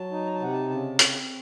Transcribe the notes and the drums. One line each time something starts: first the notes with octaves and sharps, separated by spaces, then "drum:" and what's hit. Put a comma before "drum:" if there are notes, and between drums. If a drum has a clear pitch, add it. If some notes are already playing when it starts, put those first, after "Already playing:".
Already playing: F#3 A5
D#4
A#5
A5
C3 F#5
A5
C#3 A5
C4, drum: hi-hat